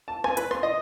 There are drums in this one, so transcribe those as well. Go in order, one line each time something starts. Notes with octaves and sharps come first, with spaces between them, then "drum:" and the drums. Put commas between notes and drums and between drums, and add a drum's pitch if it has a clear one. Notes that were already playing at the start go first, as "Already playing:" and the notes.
A5
G#5, drum: rim click
B4, drum: hi-hat
C6, drum: rim click
D#5